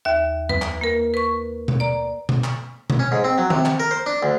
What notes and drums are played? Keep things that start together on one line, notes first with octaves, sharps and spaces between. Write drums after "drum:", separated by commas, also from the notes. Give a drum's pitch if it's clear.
D#2 E5
B4, drum: tom F2
drum: clap
A#3 A#4
B4 C#6
drum: tom B2
D5 A#5
drum: tom B2
drum: clap
drum: tom B2
C#4
G#2
C4
F#3
C3, drum: tom D#3
drum: clap
A#4
C5
D4
D2